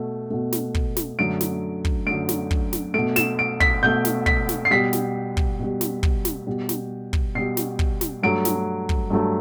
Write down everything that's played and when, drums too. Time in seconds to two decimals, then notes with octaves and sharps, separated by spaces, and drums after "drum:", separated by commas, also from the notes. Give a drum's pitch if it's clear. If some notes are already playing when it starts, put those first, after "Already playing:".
Already playing: B2 A3
0.30 B2 A3
0.52 drum: snare
0.75 drum: kick
0.97 drum: snare
1.19 F#2 D3 F#3 A3 D7
1.41 drum: snare
1.85 drum: kick
2.07 F#2 D3 F#3 A3 D7
2.29 drum: snare
2.51 drum: kick
2.73 drum: snare
2.94 B2 A3 D7
3.16 E7, drum: snare
3.39 D7
3.60 B6, drum: kick
3.83 B2 A3 G6
4.05 drum: snare
4.26 B6, drum: kick
4.49 drum: snare
4.65 C7
4.71 B2 G3 B6
4.93 drum: snare
5.37 drum: kick
5.59 B2 G3
5.81 drum: snare
6.03 drum: kick
6.25 drum: snare
6.47 B2 G3
6.69 drum: snare
7.13 drum: kick
7.35 B2 G3 C7
7.57 drum: snare
7.79 drum: kick
8.01 drum: snare
8.23 G2 F#3 A3 D7
8.45 drum: snare
8.89 drum: kick
9.10 G2 F#3 A3